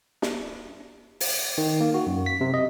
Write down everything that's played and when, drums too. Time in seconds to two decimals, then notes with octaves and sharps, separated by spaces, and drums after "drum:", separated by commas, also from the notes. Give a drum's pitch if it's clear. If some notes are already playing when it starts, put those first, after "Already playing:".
0.22 drum: snare
1.20 drum: open hi-hat
1.58 D#3
1.81 A#3
1.94 F#4
2.07 F#2
2.26 B6
2.41 C3
2.54 D#5